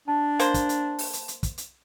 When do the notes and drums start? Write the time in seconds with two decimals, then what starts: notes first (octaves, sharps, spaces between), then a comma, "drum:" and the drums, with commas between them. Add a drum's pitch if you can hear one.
0.08 D4 A5
0.40 A#3 C5, drum: hi-hat
0.54 drum: kick, hi-hat
0.69 drum: hi-hat
0.99 drum: open hi-hat
1.13 drum: hi-hat
1.28 drum: hi-hat
1.43 drum: kick, hi-hat
1.58 drum: hi-hat